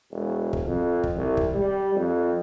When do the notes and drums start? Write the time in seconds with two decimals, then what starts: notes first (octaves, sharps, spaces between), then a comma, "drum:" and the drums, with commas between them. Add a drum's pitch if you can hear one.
0.11 E1
0.53 drum: kick
0.66 F2
1.04 drum: kick
1.15 C2
1.37 drum: kick
1.54 G3
1.96 F2